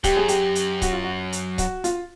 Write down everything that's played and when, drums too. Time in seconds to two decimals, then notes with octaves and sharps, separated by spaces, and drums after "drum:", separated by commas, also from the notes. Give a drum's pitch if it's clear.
0.04 F#2 G4, drum: kick C#1, hi-hat
0.17 G#4
0.28 G4, drum: hi-hat
0.55 drum: hi-hat
0.82 F#4, drum: kick C#1, hi-hat
0.93 F4
1.03 F#4
1.32 drum: hi-hat
1.58 F#4, drum: kick C#1, hi-hat
1.84 F4, drum: hi-hat